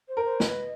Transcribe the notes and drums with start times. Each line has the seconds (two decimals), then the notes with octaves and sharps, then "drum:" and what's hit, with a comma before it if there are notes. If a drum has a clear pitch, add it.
0.08 C5
0.17 A#4
0.25 C5
0.40 B4 D#5, drum: snare